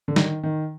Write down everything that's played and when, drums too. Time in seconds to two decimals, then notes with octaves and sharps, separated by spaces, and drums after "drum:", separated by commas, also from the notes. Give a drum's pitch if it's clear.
0.08 D3
0.16 D#3, drum: snare
0.43 D#3